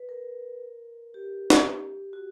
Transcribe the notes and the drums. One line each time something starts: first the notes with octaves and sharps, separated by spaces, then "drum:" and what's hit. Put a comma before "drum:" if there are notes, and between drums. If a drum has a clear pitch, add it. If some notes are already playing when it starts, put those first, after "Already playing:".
Already playing: B4
A#4
G4
drum: snare
F#4